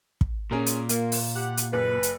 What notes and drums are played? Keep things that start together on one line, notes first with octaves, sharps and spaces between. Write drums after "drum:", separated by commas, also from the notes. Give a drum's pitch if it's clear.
drum: kick
A#2 C#4 G#4 A#4
drum: hi-hat
A#3 F4, drum: hi-hat
drum: open hi-hat
G4 F#5
drum: hi-hat
F#1 B4
drum: hi-hat